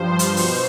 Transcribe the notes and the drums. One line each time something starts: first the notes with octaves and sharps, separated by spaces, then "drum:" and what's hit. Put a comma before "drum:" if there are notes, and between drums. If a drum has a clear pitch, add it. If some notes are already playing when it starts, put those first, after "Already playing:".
Already playing: G2 F3 C5
drum: hi-hat
B2, drum: open hi-hat